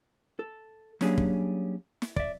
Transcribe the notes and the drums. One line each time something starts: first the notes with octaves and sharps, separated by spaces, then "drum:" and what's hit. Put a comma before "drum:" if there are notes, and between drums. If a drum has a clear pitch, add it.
A4
F#3 G3 A#3 C#4 D4 G#4, drum: snare
drum: kick
drum: snare
D5 E5, drum: kick